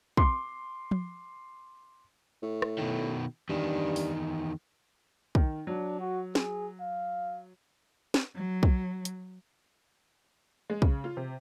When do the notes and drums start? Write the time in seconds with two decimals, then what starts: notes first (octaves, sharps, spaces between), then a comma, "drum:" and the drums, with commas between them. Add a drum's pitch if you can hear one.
0.17 C6 D6, drum: kick
0.91 drum: tom F3
2.42 A2
2.62 drum: rim click
2.78 B2 D#3
3.49 E2 G2 D#3
3.96 drum: open hi-hat
5.35 D#3, drum: kick
5.67 F#3 D4
6.00 F#4
6.35 G#4, drum: snare
6.81 F5
8.14 drum: snare
8.35 F#3
8.63 drum: kick
9.05 drum: hi-hat
10.70 G#3
10.82 C#3, drum: kick
11.04 F4
11.17 C3